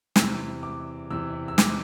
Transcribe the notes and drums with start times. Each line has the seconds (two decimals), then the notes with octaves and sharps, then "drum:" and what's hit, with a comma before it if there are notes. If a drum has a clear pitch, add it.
0.16 E2 C3 E3 E6, drum: snare
0.63 D6
1.11 E2 C3 E3 E6
1.48 E6
1.58 D6, drum: snare